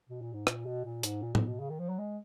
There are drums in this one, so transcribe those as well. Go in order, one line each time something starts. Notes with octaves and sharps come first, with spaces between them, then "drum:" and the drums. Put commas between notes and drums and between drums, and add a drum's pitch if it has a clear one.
B2
A#2
G#2
A#2, drum: rim click
B2
A#2
G#2, drum: hi-hat
A#2
G#2, drum: tom A2
B2
C#3
D#3
F3
F#3
G#3